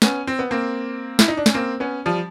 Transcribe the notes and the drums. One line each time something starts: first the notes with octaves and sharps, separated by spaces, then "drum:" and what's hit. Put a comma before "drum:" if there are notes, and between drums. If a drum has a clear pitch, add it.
B3 C#4, drum: snare
C4
B3
A#3 C4
E4, drum: snare
D#4
D4
C#4, drum: snare
A#3 C4
B3 C#4
F3 G3